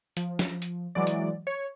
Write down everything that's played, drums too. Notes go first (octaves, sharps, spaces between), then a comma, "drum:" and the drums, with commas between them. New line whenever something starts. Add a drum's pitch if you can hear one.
F3, drum: hi-hat
drum: snare
drum: hi-hat
E3 F#3 G#3 D5
drum: hi-hat
C#5